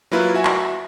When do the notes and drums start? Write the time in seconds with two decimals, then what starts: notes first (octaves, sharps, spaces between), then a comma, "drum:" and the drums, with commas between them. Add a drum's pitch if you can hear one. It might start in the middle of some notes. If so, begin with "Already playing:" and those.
0.12 F#3 A#3 E4 F4 B4
0.34 F#4 E5 G#5
0.45 drum: clap